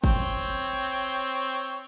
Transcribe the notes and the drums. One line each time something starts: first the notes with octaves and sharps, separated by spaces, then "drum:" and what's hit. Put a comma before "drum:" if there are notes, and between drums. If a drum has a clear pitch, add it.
C4 C#5 G5, drum: kick